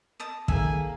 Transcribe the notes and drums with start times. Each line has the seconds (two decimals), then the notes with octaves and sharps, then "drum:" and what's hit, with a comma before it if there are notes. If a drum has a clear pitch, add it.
0.20 D#5 A5 D#6
0.48 G#1 D#3 A#3 G#4 A4 E5 G#5, drum: kick